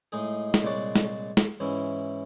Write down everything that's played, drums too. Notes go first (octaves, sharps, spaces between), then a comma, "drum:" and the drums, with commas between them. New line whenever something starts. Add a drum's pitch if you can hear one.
A2 G#3 D#4 G#4
drum: snare
C2 A#2 G#3 C#5 D5 F#5
drum: snare
drum: snare
G#2 E3 C#4 E4